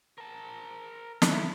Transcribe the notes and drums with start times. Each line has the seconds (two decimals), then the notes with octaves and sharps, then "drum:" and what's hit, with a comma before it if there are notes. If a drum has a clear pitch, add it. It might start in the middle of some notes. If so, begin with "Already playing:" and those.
0.18 A#4 A5
1.22 drum: snare
1.31 E4